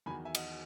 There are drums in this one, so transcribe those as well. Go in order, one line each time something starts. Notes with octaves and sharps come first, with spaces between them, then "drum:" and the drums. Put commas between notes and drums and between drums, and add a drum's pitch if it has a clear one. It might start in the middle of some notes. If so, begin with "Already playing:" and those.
E2 D#3 F#3 G#5 B5
E5 G#5
D#5 F#5, drum: cymbal